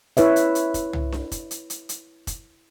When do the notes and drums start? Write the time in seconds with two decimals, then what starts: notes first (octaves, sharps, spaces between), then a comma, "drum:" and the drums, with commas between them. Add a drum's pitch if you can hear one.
0.17 E4 B4 C#5 E5, drum: hi-hat
0.36 drum: hi-hat
0.55 drum: hi-hat
0.74 drum: kick, hi-hat
0.93 drum: tom C2
1.12 drum: snare D4
1.32 drum: kick, hi-hat
1.51 drum: hi-hat
1.70 drum: hi-hat
1.89 drum: hi-hat
2.27 drum: kick, hi-hat